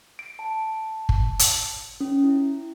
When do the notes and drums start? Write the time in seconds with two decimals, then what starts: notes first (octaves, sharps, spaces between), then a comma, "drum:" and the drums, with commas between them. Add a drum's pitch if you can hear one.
0.19 D7
0.39 A5
1.09 drum: kick
1.39 drum: hi-hat
2.00 C#4
2.24 E4